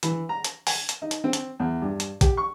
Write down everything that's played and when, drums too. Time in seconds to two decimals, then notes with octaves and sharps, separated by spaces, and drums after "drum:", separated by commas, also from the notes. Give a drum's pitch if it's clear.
0.03 E3, drum: hi-hat
0.29 A#5
0.45 drum: hi-hat
0.67 G#5, drum: open hi-hat
0.89 drum: hi-hat
1.02 D#4
1.11 drum: hi-hat
1.24 C4
1.33 drum: hi-hat
1.60 E2
1.82 G2
2.00 drum: hi-hat
2.21 G4, drum: kick A#1, hi-hat
2.37 C#6